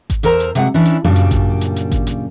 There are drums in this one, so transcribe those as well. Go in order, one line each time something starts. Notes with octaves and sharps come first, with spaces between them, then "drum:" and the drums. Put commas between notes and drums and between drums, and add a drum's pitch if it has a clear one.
drum: kick G#1, hi-hat
E2 A4 A#4 C5 A#5, drum: hi-hat
drum: hi-hat
C3 F#3 G#3 F5 F#5, drum: hi-hat
E3 C#4 D4 E4
drum: hi-hat
F#2 A#2 C#3 G3 D4
drum: hi-hat
drum: kick G#1, hi-hat
drum: hi-hat
drum: hi-hat
drum: kick G#1, hi-hat
drum: hi-hat